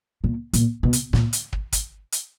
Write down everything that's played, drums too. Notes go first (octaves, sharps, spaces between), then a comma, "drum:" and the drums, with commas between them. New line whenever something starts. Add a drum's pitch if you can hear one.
A#2
A#2, drum: hi-hat
B2
drum: hi-hat
A#2, drum: snare
drum: hi-hat
drum: kick
drum: kick, hi-hat
drum: hi-hat